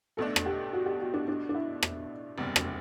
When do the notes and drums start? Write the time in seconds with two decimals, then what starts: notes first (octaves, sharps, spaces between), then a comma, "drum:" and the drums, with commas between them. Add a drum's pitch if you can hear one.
0.17 B1 B2 A3 D4 A4
0.36 drum: rim click
0.46 G4
0.73 F#4
0.86 G4
1.01 F#4
1.14 D4
1.28 D4
1.49 D4
1.55 E4
1.83 drum: rim click
2.38 F#1 E2 C3 G3
2.56 drum: rim click